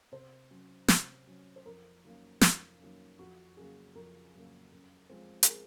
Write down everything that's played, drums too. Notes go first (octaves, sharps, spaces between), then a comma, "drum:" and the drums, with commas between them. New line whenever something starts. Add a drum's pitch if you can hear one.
C3 C5
F#3 C#4
C3, drum: snare
F#3 C#4
C5
F2 A#4
D#3 F#3 A#3 C#4
F2, drum: snare
D#3 F#3 A#3 C#4
F2 F#4
C#3 F#3 A#3 G#4
F2 A#4
C#3 F#3 A#3
F#2
F3 G#3 C4
G#4, drum: hi-hat
A#4